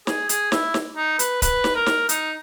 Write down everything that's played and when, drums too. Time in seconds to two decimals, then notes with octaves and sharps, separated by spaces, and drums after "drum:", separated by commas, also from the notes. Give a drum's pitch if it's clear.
0.07 G#4, drum: snare
0.29 G#4, drum: hi-hat
0.52 E4, drum: snare
0.74 drum: snare
0.97 D#4
1.19 B4, drum: hi-hat
1.42 B4, drum: kick C#1, hi-hat
1.64 drum: snare
1.75 A#4
1.86 drum: snare
2.09 D#4, drum: hi-hat